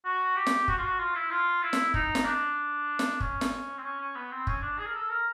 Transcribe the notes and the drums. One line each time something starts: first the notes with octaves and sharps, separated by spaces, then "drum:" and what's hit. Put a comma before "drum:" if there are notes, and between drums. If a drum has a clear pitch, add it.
F#4
G4
drum: snare
F#4, drum: kick
F4
F#4
F4
E4
F4
E4
drum: snare
D#4, drum: kick
drum: snare
D4
drum: snare
C#4, drum: kick
drum: snare
C4
C#4
C#4
B3
C4
C#4, drum: kick
D4
G#4
A#4
A4
A#4